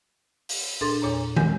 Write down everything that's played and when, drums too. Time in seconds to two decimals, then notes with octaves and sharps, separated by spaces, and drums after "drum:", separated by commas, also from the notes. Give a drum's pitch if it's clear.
0.49 drum: open hi-hat
0.81 A#2 D4 G#4 A4 C6 A6
1.02 E2 A#2 C#5 A#5
1.36 G#3 G#5 G6, drum: tom